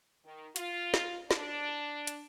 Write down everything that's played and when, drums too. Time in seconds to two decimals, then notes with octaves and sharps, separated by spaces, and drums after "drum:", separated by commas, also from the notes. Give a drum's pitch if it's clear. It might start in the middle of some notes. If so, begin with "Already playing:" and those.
0.25 D#3
0.56 F4, drum: hi-hat
0.94 drum: snare
1.31 D4, drum: snare
2.07 drum: hi-hat